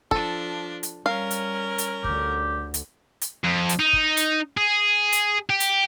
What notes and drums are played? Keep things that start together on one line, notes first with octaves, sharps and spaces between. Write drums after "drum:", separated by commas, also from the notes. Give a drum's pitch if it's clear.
F3 D4 A4, drum: kick
drum: hi-hat
G3 C#4 A#4 F5
drum: hi-hat
drum: hi-hat
D2 D3 G4, drum: kick
drum: hi-hat
drum: hi-hat
F2
drum: hi-hat
D#4
drum: kick
drum: hi-hat
G#4
drum: hi-hat
G4
drum: hi-hat